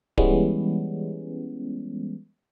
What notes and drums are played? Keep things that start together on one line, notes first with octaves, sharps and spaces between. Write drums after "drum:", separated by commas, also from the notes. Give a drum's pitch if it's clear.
E3 G3 G#3 B3 C#4, drum: kick D1